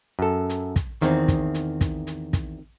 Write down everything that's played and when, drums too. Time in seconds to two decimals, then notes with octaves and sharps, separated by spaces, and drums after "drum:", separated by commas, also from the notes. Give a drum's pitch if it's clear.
0.19 F#2 A4
0.50 drum: hi-hat
0.76 drum: kick, hi-hat
1.02 E2 D#3 C4, drum: hi-hat
1.28 drum: kick, hi-hat
1.55 drum: hi-hat
1.81 drum: kick, hi-hat
2.07 drum: hi-hat
2.33 drum: kick, hi-hat